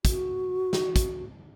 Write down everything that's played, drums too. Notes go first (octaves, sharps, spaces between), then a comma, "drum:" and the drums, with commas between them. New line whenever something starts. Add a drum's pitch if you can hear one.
F#4, drum: kick, hi-hat
drum: snare
drum: kick, hi-hat